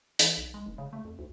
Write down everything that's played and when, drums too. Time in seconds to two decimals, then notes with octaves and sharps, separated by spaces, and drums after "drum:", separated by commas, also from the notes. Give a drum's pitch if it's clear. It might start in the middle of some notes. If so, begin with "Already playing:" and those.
0.19 E3, drum: hi-hat
0.37 B1
0.54 G#3
0.66 F1
0.78 C#3
0.93 A3
1.05 F2
1.19 D2